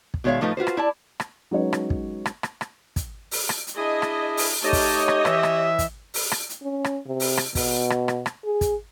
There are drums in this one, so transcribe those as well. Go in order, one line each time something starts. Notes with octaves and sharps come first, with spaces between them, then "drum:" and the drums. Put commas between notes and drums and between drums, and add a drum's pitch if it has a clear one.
drum: kick
B2 D#3 G#3 C#5 E5 F5
A2 F3 A3 D#4 B4
F4 F#4 B4 C5
drum: rim click
E4 D5 A5
drum: rim click
F#3 G#3 C#4 D#4 B4 C#5
drum: rim click
drum: kick
drum: rim click
drum: rim click
drum: rim click
drum: kick, hi-hat
drum: open hi-hat
drum: rim click
drum: hi-hat
D4 E4 G#4 D#5
drum: rim click
drum: open hi-hat
A3 D#4 G4 C#5 D#5 A5
drum: kick, open hi-hat
drum: rim click
E3 E5, drum: rim click
drum: rim click
drum: kick, hi-hat
drum: open hi-hat
drum: rim click
drum: hi-hat
C#4
drum: rim click
C3
drum: open hi-hat
drum: rim click
B2, drum: kick, open hi-hat
drum: rim click
drum: rim click
drum: rim click
G#4
drum: kick, hi-hat